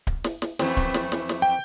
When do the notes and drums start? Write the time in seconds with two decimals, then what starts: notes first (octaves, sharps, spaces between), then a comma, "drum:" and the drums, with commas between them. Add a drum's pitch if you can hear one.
0.07 drum: kick D1
0.24 drum: snare
0.42 drum: snare
0.59 F2 E3 A3 C4, drum: snare
0.77 drum: kick D1
0.94 drum: snare
1.12 drum: snare
1.29 drum: snare
1.42 G5